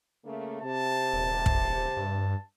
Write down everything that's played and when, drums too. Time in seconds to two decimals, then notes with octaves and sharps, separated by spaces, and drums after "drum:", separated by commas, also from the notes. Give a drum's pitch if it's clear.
0.25 C#3 A3 A#3
0.62 C3 A5
1.13 D#1
1.46 drum: kick
1.97 G2